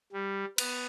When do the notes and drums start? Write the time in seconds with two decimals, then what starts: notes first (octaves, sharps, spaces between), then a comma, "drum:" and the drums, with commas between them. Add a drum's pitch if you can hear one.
0.13 G3
0.58 B3, drum: cymbal